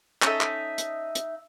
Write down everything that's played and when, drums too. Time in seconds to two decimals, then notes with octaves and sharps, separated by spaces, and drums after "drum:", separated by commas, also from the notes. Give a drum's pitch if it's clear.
0.22 C#4 D#4 A4 D#5 E5, drum: clap
0.41 drum: clap
0.78 drum: hi-hat
1.15 drum: hi-hat